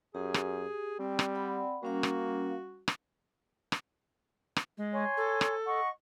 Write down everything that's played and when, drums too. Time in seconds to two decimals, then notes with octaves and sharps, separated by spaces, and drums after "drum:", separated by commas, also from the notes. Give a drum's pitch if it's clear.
0.15 F#2 G4 G#4
0.34 drum: rim click
0.99 G3 C4
1.19 drum: rim click
1.35 D5 F#5 B5
1.83 G3 A#3 C#4 F#4 F5
2.03 drum: rim click
2.88 drum: rim click
3.72 drum: rim click
4.56 drum: rim click
4.78 G#3
4.92 C#5 G#5 C6
5.17 A4
5.41 drum: rim click
5.65 D#5 F#5 C#6